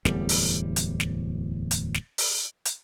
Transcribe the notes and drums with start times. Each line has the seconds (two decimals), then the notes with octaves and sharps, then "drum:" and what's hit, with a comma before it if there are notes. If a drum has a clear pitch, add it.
0.05 D1 E2 G3, drum: snare
0.29 drum: open hi-hat
0.76 drum: hi-hat
1.00 drum: snare
1.71 drum: hi-hat
1.94 drum: snare
2.18 drum: open hi-hat
2.65 drum: hi-hat